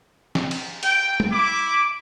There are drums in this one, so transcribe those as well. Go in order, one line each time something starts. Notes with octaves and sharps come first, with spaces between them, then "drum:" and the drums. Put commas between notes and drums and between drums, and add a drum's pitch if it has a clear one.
drum: snare
drum: cymbal
G5, drum: hi-hat
drum: tom
E4 D6